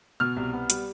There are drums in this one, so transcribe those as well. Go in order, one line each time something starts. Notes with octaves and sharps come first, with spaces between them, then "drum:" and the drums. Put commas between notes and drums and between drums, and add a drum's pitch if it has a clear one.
B2 F6
C2
B3
G3, drum: hi-hat